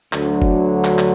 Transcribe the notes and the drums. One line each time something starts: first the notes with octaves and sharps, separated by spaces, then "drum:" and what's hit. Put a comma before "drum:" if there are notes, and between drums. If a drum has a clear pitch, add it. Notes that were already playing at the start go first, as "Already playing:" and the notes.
D2 D3 F#3, drum: clap
drum: kick F#1
drum: clap
drum: clap